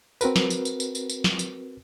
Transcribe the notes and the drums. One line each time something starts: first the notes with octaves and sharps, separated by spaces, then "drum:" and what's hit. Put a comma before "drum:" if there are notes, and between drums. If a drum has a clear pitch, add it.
C4 F#4 A#4 B4, drum: tambourine
drum: snare
drum: tambourine
drum: tambourine
drum: tambourine
drum: tambourine
drum: tambourine
drum: snare
drum: tambourine